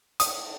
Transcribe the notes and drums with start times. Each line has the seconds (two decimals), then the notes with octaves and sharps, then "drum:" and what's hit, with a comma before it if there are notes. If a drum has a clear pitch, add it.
0.20 D#6, drum: hi-hat